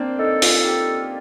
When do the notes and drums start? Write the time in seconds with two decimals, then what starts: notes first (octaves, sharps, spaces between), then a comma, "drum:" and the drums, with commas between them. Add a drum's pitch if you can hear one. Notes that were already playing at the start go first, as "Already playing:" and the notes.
Already playing: A#3 C4 D4
0.19 D#4 A4
0.42 F4, drum: open hi-hat
0.65 G4